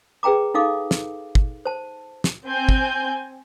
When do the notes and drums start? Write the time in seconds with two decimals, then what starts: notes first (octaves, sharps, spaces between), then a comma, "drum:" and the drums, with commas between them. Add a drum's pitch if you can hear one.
0.23 G#4 B4 G5 A#5 D6
0.54 D#4 A4 F5 D6
0.91 drum: snare
1.35 drum: kick
1.65 C5 A5
2.24 drum: snare
2.46 C4 G#5 G6
2.69 drum: kick